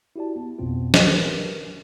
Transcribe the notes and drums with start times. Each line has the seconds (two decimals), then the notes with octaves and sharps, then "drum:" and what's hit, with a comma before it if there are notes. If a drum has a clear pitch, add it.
0.16 E4 F#4 G4 D5 A5
0.36 B3
0.59 A#1 F2 B2 B3 C4 F4
0.94 G4 A#4 B4, drum: snare